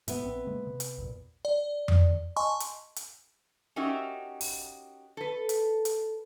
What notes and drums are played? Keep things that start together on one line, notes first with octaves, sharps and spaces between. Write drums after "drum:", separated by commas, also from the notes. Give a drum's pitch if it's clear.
G#2 B3 E5, drum: hi-hat
A#1 C4
C#3 G#3 A#3
C3
drum: hi-hat
A#1 E2 A#2
D5
drum: tom F2
D#5 G#5 A5 C6 C#6
drum: hi-hat
drum: hi-hat
C#4 D#4 F#4 G4 A#4 E5
drum: open hi-hat
A4 B4
drum: hi-hat
drum: hi-hat